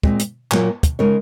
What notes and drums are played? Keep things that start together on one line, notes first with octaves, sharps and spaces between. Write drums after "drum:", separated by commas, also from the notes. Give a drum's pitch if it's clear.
A#2 G#3 C4, drum: kick
drum: hi-hat
A#2 F#3 A#3 F4 A#4, drum: clap
drum: kick, hi-hat
C#3 G#3 D#4 A#4 C#5